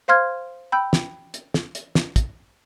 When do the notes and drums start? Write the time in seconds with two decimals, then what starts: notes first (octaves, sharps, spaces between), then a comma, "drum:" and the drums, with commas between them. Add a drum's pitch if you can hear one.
0.08 C5 F5 C6 F6 G#6
0.72 G5 B5 E6 G6
0.93 drum: snare
1.34 drum: hi-hat
1.54 drum: snare
1.75 drum: hi-hat
1.95 drum: snare
2.16 drum: kick, hi-hat